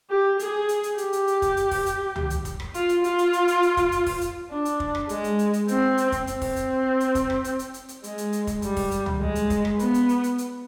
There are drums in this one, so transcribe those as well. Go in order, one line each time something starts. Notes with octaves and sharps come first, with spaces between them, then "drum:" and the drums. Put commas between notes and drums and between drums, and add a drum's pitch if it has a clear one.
G4
G#4, drum: hi-hat
drum: hi-hat
drum: hi-hat
G4, drum: hi-hat
drum: hi-hat
drum: hi-hat
drum: kick, hi-hat
drum: hi-hat
drum: kick, open hi-hat
drum: hi-hat
drum: tom C#2
drum: hi-hat
drum: kick, hi-hat
drum: rim click
F4, drum: hi-hat
drum: hi-hat
F4, drum: hi-hat
drum: hi-hat
drum: hi-hat
drum: hi-hat
drum: hi-hat
drum: kick, hi-hat
drum: hi-hat
drum: kick, open hi-hat
drum: hi-hat
D4
drum: hi-hat
drum: kick
drum: rim click
G#3, drum: hi-hat
drum: hi-hat
drum: hi-hat
drum: hi-hat
C4, drum: hi-hat
drum: hi-hat
drum: kick, hi-hat
C4, drum: hi-hat
drum: kick, open hi-hat
drum: hi-hat
drum: hi-hat
drum: kick, hi-hat
drum: rim click
drum: hi-hat
drum: hi-hat
drum: hi-hat
drum: hi-hat
G#3, drum: hi-hat
drum: hi-hat
drum: hi-hat
drum: kick, hi-hat
G3, drum: hi-hat
drum: kick, open hi-hat
drum: hi-hat
drum: tom C#2
G#3
drum: hi-hat
drum: kick, hi-hat
drum: rim click
B3, drum: hi-hat
drum: hi-hat
drum: hi-hat
drum: hi-hat
drum: hi-hat